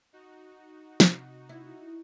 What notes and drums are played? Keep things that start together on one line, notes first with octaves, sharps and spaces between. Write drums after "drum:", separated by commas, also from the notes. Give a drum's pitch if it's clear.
D#4 F#4
C3, drum: snare
E4